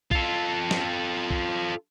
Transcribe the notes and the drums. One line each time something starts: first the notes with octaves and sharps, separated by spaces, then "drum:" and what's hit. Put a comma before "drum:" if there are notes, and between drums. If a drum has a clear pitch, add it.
F4 A4, drum: kick B1
drum: snare
drum: kick B1